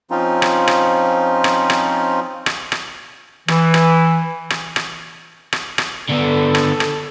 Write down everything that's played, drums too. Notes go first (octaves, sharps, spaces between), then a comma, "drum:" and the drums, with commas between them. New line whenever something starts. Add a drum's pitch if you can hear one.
F3 C4 C#4 D#4 F4
drum: rim click
drum: rim click
drum: rim click
drum: rim click
drum: rim click
drum: rim click
E3, drum: rim click
drum: rim click
drum: rim click
drum: rim click
drum: rim click
drum: rim click
D3 B3 A4
drum: rim click
drum: rim click